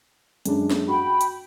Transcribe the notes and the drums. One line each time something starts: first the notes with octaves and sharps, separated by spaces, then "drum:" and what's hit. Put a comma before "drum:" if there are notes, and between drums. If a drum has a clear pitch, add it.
F#2 G#3 D4, drum: hi-hat
drum: snare
F#4 G5 B5
drum: hi-hat